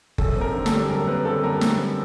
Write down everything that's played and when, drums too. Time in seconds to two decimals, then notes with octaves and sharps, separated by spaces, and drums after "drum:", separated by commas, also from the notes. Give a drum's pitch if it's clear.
0.18 F#2 A4, drum: kick F#1
0.36 C4
0.41 A#4
0.54 D3
0.66 A4, drum: snare
0.72 G3
0.90 F#2 A#4
1.07 C4 B4
1.25 D3 A4
1.44 G3 A#4
1.61 F#2, drum: snare
1.79 C4